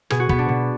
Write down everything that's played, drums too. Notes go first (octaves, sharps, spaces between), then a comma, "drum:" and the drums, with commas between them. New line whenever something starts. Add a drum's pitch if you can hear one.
B2 G#4, drum: rim click
F#4
B2 B3, drum: kick
D4
B2